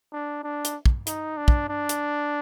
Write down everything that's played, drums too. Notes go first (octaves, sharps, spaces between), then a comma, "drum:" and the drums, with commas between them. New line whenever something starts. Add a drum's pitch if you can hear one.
D4
D4
drum: hi-hat
drum: kick
D#4, drum: hi-hat
D4
drum: kick
D4
drum: hi-hat